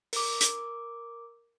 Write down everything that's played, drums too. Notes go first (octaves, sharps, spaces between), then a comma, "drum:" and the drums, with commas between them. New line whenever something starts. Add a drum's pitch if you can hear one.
A#4 D6, drum: open hi-hat
drum: hi-hat